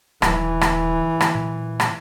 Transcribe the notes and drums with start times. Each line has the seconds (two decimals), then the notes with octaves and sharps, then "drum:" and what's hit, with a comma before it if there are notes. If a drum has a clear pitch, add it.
0.22 D#1 E3, drum: rim click
0.61 drum: rim click
1.21 drum: rim click
1.35 A#2
1.80 drum: rim click